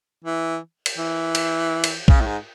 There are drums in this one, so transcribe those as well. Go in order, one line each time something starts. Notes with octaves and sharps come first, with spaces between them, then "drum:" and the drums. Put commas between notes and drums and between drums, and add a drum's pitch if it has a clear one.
E3
drum: cymbal
E3
drum: cymbal
drum: cymbal
C#3, drum: kick A#1
A2
G#2